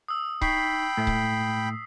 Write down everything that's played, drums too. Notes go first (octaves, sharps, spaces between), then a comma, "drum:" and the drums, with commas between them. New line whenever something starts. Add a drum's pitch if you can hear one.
D#6 E6
D#4 G5 B5 C#6 B6 C7, drum: kick C#1
A2 A3
drum: kick C#1